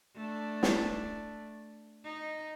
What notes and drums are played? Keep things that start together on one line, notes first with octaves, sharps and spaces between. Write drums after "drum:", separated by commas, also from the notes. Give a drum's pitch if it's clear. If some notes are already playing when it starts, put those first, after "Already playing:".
A3 D4
drum: snare
D#4